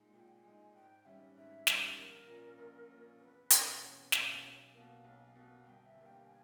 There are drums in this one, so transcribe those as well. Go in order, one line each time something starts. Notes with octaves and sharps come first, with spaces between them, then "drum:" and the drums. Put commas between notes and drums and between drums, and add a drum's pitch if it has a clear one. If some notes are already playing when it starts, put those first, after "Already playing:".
Already playing: A#2 G#3 D#4
A#2 G#5
G5
G#5
G#3 D#4
G#2 G5
D#3 G3 C#4 E5
G#2 E5
D#3 G3 C#4, drum: snare
A#1 A#4
A#2 A#3 C#4
A#1
A#2 A#3 C#4
E2 B4
B2 A#3 C#4 G#4, drum: hi-hat
E2 C#5
B2 A#3 C#4 G#4, drum: snare
B1
B2 A#3
B1
B2 A#3
G1 G5
E5
G2 G3 A#3
G5
G#5